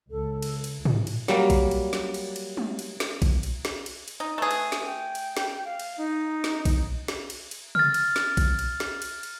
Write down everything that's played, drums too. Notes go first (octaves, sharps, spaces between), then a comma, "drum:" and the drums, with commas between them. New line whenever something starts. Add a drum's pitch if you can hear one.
C#2 A4
drum: cymbal
drum: cymbal
drum: tom
drum: cymbal
F#3 G3 A#3, drum: snare
drum: kick A#1, cymbal
drum: cymbal
drum: snare
drum: cymbal
drum: cymbal
drum: tom
drum: cymbal
drum: snare
drum: kick A#1, cymbal
drum: cymbal
drum: snare
drum: cymbal
drum: cymbal
D#4
A3 G#4 B4
drum: cymbal
drum: snare
G5
drum: cymbal
drum: snare
F5
drum: cymbal
D#4
drum: snare
drum: kick A#1, cymbal
drum: snare
drum: cymbal
drum: cymbal
F6 A6, drum: tom
drum: cymbal
drum: snare
drum: kick A#1, cymbal
drum: cymbal
drum: snare
drum: cymbal
drum: cymbal